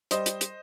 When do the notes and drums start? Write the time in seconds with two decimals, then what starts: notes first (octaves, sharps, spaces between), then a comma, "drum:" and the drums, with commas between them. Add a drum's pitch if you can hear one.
0.11 G3 C5 D#5, drum: hi-hat
0.26 drum: hi-hat
0.41 drum: hi-hat